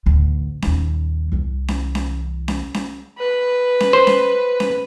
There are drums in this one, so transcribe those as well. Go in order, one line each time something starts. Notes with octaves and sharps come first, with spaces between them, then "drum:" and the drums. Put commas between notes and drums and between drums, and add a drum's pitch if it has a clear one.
A1 D2
D#1 D#2, drum: snare C#4
C2 E3
drum: snare C#4
drum: snare C#4
drum: snare C#4
drum: snare C#4
B4
drum: snare C#4
C5
drum: snare C#4
drum: snare C#4